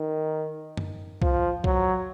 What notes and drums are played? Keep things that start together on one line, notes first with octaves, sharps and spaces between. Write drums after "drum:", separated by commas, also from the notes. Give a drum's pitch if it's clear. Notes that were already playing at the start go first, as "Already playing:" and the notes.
Already playing: D#3
drum: tom F#2
F3, drum: kick
F#3, drum: kick